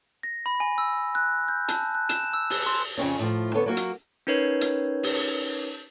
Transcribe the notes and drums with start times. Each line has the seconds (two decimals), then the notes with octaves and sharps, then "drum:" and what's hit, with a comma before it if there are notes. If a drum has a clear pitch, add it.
0.23 A#6
0.46 B5
0.60 G#5
0.78 E6
1.15 F#6
1.48 G6
1.68 A5, drum: hi-hat
1.95 F#6
2.09 E7, drum: hi-hat
2.34 E6
2.50 drum: open hi-hat
2.66 C6
2.98 F2 C#3 C4 C#4
3.19 A2 F3
3.54 D3 B3 A4 C#5
3.66 F#3 A#3 F#4
3.77 drum: hi-hat
4.27 C#4 D#4 A#4 B4 C#5 G#6
4.61 drum: hi-hat
5.03 drum: open hi-hat